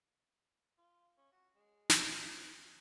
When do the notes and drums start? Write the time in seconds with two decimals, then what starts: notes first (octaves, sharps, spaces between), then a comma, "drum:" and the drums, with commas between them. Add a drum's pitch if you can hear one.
0.78 F4
1.17 C#4
1.32 F#4
1.55 G#3
1.90 drum: snare
2.19 C4